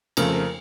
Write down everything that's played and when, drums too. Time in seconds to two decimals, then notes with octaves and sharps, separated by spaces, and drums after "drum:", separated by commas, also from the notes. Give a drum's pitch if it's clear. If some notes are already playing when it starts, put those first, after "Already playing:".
0.17 F2 C#3 F3 A3 A#4, drum: cymbal
0.33 A#4